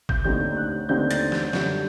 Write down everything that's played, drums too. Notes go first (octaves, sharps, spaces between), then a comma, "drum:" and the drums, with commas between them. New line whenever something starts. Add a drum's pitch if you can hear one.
G6, drum: kick G#1
D#2 D3 A3 C4 D#4 G6
F#6
D#2 D3 A3 C4 D#4 G6
A6, drum: hi-hat
G6, drum: snare
F#2 D3 G3, drum: snare